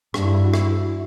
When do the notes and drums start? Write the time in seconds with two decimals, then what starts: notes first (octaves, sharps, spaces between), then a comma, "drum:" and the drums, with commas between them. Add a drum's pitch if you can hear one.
0.14 G2 D4, drum: rim click
0.24 E4
0.35 E4
0.45 F#4
0.54 E4, drum: rim click